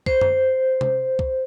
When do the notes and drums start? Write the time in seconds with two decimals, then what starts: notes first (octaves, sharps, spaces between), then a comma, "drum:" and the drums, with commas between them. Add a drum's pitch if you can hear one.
0.06 C5, drum: kick C2
0.21 drum: tom F#2
0.81 drum: tom C3
1.19 drum: kick C2